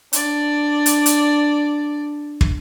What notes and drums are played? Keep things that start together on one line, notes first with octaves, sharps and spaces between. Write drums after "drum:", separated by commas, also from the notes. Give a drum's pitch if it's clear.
D4 D5, drum: hi-hat
drum: hi-hat
drum: hi-hat
drum: kick